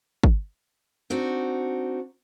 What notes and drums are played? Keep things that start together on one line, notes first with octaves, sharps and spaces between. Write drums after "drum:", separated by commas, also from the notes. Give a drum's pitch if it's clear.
drum: kick
C4 D4 D#4 F#4